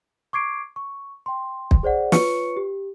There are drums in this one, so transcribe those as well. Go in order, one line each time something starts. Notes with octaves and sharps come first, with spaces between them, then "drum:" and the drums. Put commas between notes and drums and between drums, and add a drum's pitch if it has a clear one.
C#6 D6 G#6 C7 D7
C#6
G5 C6
drum: kick
G#4 C5 D5 F#5
F4 B4 C#5 C#6 C#7, drum: snare
G4